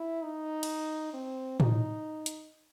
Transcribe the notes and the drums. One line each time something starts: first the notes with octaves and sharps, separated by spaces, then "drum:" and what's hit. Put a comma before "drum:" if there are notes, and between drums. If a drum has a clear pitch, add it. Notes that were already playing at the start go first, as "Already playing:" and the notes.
Already playing: E4
D#4
drum: cymbal
C4
D#4, drum: tom A2
drum: hi-hat